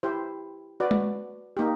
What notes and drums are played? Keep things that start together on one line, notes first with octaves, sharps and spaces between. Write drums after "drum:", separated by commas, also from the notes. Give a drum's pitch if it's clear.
E4 G4 C5
F#4 B4 D5
drum: tom G#3
A#3 D#4 G4